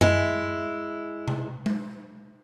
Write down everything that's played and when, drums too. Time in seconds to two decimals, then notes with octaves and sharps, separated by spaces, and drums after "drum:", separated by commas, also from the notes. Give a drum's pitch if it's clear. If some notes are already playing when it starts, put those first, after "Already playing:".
0.01 G#3 E4, drum: tom F#2
1.28 drum: tom C3
1.66 drum: tom G#3